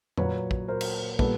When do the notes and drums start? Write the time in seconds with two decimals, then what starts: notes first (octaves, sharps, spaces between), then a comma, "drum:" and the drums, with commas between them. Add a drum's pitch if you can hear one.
0.17 A#2 F#3 A#3 B4 C#5, drum: tom F2
0.51 drum: kick
0.68 A#4 C5
0.81 drum: cymbal
1.19 A#2 G3 B3 A4 B4, drum: kick